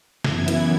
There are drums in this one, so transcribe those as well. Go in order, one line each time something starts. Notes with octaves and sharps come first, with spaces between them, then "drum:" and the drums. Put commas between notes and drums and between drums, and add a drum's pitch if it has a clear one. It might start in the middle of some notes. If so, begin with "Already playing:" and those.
F#2 E3 B3 E4 G#6, drum: snare
drum: hi-hat